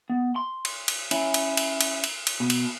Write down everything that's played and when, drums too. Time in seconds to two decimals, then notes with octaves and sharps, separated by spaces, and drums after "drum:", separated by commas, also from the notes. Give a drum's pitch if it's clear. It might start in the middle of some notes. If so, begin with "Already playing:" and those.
0.09 B3
0.36 C6
0.65 drum: cymbal
0.88 drum: cymbal
1.11 C#4 E4, drum: cymbal
1.34 drum: cymbal
1.57 drum: cymbal
1.81 drum: cymbal
2.04 drum: cymbal
2.27 drum: cymbal
2.40 B2
2.50 drum: cymbal